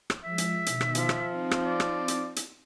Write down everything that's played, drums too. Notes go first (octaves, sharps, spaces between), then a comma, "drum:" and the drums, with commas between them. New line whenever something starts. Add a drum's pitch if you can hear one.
drum: rim click
F3 G#3 E5
drum: hi-hat
B2 D#3, drum: hi-hat
drum: rim click
F3, drum: hi-hat
drum: rim click
C4 D#4
drum: rim click
D5
drum: rim click
drum: hi-hat
drum: hi-hat